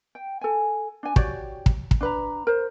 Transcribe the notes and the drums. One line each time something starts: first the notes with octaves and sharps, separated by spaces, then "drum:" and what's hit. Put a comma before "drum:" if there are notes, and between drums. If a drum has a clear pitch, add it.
G5
A4 G#5
D4 G#5
F#4 G4 C#5 D5, drum: kick
drum: kick
drum: kick
D4 B4 A#5
A#4 C5